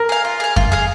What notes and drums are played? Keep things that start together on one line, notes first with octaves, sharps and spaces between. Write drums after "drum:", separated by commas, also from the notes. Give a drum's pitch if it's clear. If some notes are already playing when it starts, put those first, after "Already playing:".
Already playing: A#4
G#4 F5
F4
G#4 F5
F4, drum: kick F2
G#4 F5